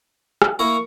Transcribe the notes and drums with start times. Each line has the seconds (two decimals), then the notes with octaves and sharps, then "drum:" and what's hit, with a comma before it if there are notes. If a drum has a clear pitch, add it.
0.42 drum: rim click
0.59 A#3 E4 A#4 C#6